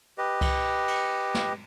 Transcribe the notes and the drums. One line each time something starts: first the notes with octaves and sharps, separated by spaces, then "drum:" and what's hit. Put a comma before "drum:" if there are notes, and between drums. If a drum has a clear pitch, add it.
G4 B4 D#5
drum: kick C2, cymbal
drum: cymbal
drum: snare